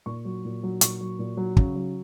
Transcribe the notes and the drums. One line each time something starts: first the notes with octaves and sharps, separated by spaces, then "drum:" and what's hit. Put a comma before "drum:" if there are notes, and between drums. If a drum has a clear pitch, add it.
A#2 C#6
F#3
A#2
F#3
A#2 C#6, drum: hi-hat
F#3
A#2
F#3
C#3, drum: kick
F#3